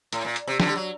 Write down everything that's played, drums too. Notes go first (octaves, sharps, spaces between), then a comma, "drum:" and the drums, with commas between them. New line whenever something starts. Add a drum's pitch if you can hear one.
A2, drum: hi-hat
A#2
drum: hi-hat
C3
D3, drum: snare
G3
F#3